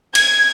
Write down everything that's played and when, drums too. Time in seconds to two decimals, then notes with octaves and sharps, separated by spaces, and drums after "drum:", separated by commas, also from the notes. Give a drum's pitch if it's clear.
0.15 G#6, drum: cymbal